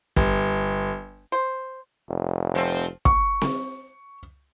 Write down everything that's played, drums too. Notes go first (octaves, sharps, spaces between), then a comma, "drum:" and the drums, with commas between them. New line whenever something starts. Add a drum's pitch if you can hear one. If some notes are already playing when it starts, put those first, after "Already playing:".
G1, drum: kick
C5
F1
F3 C4
C#6, drum: kick
drum: snare C4